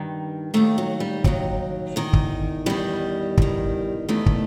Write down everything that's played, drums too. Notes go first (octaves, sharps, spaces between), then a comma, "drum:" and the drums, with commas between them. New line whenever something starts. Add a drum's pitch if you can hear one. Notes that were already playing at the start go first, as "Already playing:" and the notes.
Already playing: G2 D#3
D#2 D#3 A3
F#3
G3
D#2 D#3 F#3, drum: kick
E2 D#3
drum: kick
E2 D#3 G3
E2 D#3, drum: kick
E2 D#3 A3
drum: kick